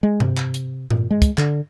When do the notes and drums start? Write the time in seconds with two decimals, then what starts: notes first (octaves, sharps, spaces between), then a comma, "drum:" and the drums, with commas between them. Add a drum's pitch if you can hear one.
0.03 G#3
0.20 C3, drum: tom G2
0.37 drum: clap
0.54 drum: hi-hat
0.90 A#2, drum: tom G2
1.10 G#3
1.22 drum: kick, hi-hat
1.38 D3, drum: clap